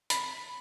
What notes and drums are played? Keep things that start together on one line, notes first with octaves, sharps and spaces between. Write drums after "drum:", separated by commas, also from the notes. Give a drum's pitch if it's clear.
B5, drum: hi-hat